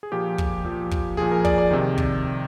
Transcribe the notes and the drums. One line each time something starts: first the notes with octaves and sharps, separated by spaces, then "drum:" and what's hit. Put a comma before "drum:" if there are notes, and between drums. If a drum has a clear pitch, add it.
G#4
A#2 F3 G4
drum: kick
A#2 F3
drum: kick
A#2 F3 G#4
A#4
D5, drum: kick
D5
C3 D#3
drum: kick